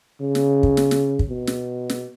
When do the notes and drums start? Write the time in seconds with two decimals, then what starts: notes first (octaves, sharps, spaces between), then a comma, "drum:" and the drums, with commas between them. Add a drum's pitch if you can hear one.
0.21 C#3
0.35 drum: snare
0.63 drum: kick
0.77 drum: snare
0.91 drum: snare
1.19 drum: kick
1.29 B2
1.47 drum: snare
1.90 drum: snare